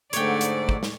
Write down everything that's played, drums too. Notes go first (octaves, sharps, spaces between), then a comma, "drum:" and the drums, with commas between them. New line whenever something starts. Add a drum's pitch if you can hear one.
G#2 D3 A3 C#5 D5 G5, drum: hi-hat
drum: hi-hat
drum: kick
drum: snare